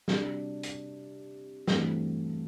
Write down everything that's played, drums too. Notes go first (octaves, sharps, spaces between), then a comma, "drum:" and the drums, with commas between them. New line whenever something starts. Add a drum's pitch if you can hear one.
C3 G3 D4 F#4, drum: snare
drum: hi-hat
G2 E3 A3 C4 F#4, drum: snare